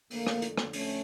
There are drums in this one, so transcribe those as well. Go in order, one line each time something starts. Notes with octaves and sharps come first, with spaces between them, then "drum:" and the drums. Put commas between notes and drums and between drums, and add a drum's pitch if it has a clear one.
F2 D3 A3 A#3, drum: open hi-hat
drum: rim click
drum: hi-hat
drum: rim click
A3 C#4, drum: open hi-hat